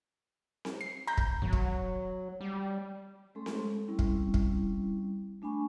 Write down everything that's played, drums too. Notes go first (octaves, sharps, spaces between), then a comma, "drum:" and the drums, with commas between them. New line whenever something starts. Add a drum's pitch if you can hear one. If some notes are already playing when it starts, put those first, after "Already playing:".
drum: snare C4
C7
A#5 B5 G6
drum: kick
G#1 F#3
drum: kick
G3
G#3 A3 C#4 A4 C6
drum: snare C4
G3 C4 C#4 E4
drum: kick
drum: kick
A3 D4 G#5 B5 C#6